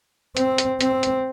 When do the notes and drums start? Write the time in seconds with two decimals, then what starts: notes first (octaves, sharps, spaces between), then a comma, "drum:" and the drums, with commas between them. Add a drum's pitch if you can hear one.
0.37 C4, drum: hi-hat
0.58 drum: hi-hat
0.81 C4, drum: hi-hat
1.03 drum: hi-hat